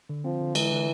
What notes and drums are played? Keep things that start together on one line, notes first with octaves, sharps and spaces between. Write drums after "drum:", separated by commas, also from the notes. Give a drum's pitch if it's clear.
D3
F3 C4
D3
E3 G#3, drum: cymbal
D3